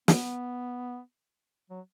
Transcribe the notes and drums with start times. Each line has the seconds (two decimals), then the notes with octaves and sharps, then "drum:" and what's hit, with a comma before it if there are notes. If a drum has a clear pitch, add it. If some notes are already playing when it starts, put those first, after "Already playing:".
0.08 B3, drum: snare
1.70 F#3